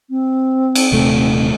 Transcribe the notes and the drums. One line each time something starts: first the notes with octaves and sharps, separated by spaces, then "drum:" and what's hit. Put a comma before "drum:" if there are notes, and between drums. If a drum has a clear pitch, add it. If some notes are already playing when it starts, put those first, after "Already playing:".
C4
drum: cymbal
D#1 C3 A3